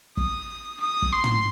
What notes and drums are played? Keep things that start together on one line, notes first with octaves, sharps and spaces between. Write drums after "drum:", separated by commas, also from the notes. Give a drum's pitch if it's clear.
D#6, drum: kick
D#6
drum: kick
C6
drum: tom